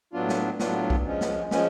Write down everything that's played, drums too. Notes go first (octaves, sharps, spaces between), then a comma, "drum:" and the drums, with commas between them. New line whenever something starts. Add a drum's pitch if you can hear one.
A2 F#3 B3 D4 F4
drum: snare
A2 F#3 B3 D4 F4, drum: snare
drum: kick B1
F3 G#3 C#4
drum: snare
F3 G#3 C#4, drum: snare